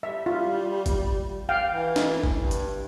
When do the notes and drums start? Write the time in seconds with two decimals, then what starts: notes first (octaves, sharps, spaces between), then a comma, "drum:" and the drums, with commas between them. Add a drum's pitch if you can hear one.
0.03 G3 E5
0.26 F4
0.86 drum: kick F#1, hi-hat
1.49 F5 G5
1.71 E3
1.96 drum: snare
2.24 drum: kick F#1
2.40 G2
2.51 drum: hi-hat